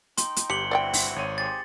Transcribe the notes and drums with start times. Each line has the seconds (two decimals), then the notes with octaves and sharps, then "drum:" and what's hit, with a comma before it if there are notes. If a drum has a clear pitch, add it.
0.17 D#4 G5 C6, drum: hi-hat
0.36 drum: hi-hat
0.50 G1 G4 C#7 F#7 G7
0.71 C4 E4 F#4 D5 F#5 G5
0.93 drum: open hi-hat
1.16 G#1 C#5 D#7
1.38 G4 G#4 C5 A6